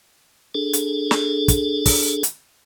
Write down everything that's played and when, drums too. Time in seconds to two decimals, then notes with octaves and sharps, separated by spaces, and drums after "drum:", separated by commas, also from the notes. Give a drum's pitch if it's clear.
0.55 D4 G#4 A4
0.73 drum: hi-hat
1.11 drum: snare
1.48 drum: kick, hi-hat
1.86 drum: kick, open hi-hat
2.23 drum: hi-hat